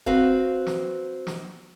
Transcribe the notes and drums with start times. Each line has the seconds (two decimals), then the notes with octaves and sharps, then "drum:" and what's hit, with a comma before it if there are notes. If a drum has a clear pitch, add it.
0.06 C4 F#4 B4 F5, drum: kick E1
0.67 drum: snare
1.27 drum: snare